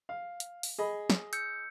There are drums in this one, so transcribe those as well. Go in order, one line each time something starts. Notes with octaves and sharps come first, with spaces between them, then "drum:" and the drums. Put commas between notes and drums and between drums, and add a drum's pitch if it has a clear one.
F5
drum: hi-hat
drum: open hi-hat
G#4 D#5 B5
drum: snare
E6 G6 C#7, drum: hi-hat